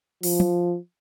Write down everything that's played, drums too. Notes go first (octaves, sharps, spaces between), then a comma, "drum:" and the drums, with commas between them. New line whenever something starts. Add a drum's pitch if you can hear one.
F3, drum: open hi-hat
drum: tom